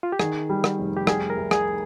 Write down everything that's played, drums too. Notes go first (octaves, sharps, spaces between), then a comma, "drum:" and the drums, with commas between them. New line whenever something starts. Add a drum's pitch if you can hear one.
F4
G4
D#3 G#4, drum: rim click
G3
drum: rim click
F1
G4
G3 G#4, drum: rim click
A#4
C2
G#4, drum: rim click